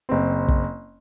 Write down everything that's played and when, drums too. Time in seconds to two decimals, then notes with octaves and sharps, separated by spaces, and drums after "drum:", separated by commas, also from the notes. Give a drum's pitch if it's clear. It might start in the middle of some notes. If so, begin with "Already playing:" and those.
0.09 F#1 C4
0.48 drum: kick